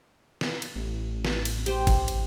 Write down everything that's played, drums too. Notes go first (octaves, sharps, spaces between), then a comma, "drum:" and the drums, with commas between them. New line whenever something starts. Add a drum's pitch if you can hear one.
drum: snare
drum: cymbal
A1
drum: snare
drum: cymbal
G4 C5, drum: cymbal
drum: kick G1, cymbal
drum: cymbal